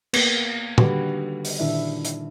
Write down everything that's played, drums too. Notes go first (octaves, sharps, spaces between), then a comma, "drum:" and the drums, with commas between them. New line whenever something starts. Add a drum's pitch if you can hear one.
A#3 B3, drum: cymbal
D3 D#3 G3 F#4 G4 B4, drum: tom
drum: open hi-hat
A#2 D3 D#3 D4 E4 E5
drum: hi-hat